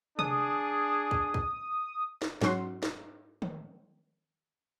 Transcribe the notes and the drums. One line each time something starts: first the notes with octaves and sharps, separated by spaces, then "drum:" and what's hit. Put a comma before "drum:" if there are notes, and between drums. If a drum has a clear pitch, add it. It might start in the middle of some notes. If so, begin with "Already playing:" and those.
D4 G#4 D#6, drum: tom C3
drum: kick
drum: kick
drum: snare
G#2 F#3 C#4 F#4 F#5 C6, drum: snare
drum: snare
drum: tom D#3